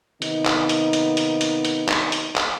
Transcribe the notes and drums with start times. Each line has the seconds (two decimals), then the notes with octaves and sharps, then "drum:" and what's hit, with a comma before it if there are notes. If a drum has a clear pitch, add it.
0.22 C3 D#3 A#3 B3 D#4, drum: hi-hat
0.46 drum: clap
0.69 drum: hi-hat
0.93 drum: hi-hat
1.17 drum: hi-hat
1.41 drum: hi-hat
1.65 drum: hi-hat
1.88 drum: clap
2.12 drum: hi-hat
2.36 drum: clap